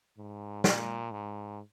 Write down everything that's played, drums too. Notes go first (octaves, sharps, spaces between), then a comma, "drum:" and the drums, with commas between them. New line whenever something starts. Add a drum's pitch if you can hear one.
G#2
A#2, drum: snare
G#2